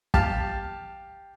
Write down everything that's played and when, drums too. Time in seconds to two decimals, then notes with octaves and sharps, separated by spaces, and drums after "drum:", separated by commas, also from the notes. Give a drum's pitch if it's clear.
0.14 G4 F5 A5, drum: kick